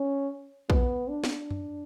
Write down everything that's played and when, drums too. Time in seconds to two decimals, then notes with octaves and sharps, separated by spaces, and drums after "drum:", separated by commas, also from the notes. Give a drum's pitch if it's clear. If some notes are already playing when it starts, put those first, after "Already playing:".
Already playing: C#4
0.70 B3, drum: kick
1.09 D4
1.24 drum: snare
1.51 drum: tom F#2